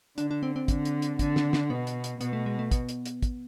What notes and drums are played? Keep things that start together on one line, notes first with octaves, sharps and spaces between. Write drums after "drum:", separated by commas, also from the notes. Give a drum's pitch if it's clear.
D3 D4, drum: hi-hat
D4
C4
C4
D3, drum: kick, hi-hat
drum: hi-hat
drum: hi-hat
D3, drum: kick, hi-hat
drum: snare
drum: snare
B2 B3
drum: hi-hat
drum: hi-hat
B2 B3, drum: hi-hat
A3
G#3
A3
B3, drum: kick, hi-hat
drum: hi-hat
drum: hi-hat
drum: kick, hi-hat